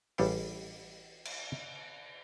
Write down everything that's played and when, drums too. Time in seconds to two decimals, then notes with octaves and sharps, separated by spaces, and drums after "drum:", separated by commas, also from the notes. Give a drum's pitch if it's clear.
0.18 A1 G3 G#4 A4 F5 G5, drum: open hi-hat
1.25 drum: cymbal